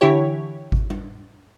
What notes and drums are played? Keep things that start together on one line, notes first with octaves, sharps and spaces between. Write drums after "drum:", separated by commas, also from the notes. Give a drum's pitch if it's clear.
D3 E3 E4 G4 C#5
drum: kick G#1
drum: tom G3